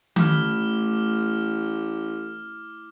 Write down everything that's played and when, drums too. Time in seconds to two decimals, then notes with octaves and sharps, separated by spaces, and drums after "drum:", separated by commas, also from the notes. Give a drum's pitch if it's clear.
0.16 A1 A3 E4 D6 F6, drum: tom D#3